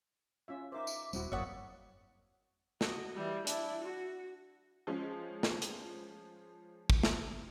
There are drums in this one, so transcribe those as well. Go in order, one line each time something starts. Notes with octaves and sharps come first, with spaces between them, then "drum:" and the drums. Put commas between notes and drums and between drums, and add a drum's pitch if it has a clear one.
C#4 F4 E5
D#4 A#4 C5 E5 D6
drum: tambourine
D#1 G3 C4 E4 F#4, drum: tambourine
G1 F#2 A#3 C#5 D5 E5 F#5 D#6
F#4 D#5, drum: snare
E3 G3
D4 E4, drum: hi-hat
F#4
F3 G#3 C#4
drum: snare
drum: hi-hat
drum: kick
drum: snare